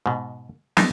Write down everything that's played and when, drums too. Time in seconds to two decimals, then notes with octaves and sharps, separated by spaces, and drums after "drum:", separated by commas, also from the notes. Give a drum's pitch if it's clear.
0.06 G#2 B2
0.77 G#3 A3 B3 D4 D#4, drum: snare